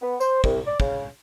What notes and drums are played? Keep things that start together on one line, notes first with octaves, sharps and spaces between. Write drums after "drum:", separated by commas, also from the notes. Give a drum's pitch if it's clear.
B3
C5, drum: tambourine
C2, drum: kick
D5
C#3, drum: kick